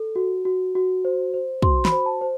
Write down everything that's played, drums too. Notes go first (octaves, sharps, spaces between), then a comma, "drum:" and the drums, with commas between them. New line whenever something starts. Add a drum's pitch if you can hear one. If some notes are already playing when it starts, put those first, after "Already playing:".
Already playing: A4
F#4
F#4
F#4
C5
C5
F#4 C6, drum: kick
B5, drum: snare
C5
A5
C5